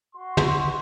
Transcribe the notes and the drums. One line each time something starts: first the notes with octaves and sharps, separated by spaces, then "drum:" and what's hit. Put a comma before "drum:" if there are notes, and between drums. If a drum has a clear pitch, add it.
F#4 C6
drum: tom